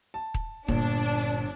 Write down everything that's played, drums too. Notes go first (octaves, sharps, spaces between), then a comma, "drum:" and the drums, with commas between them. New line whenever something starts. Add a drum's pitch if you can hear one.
A5
drum: kick D#1
G1 A#2 D4, drum: kick D#1